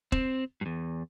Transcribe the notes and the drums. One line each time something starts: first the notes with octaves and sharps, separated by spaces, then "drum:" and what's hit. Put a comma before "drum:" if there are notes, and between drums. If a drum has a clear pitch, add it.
C4, drum: kick
E2 G2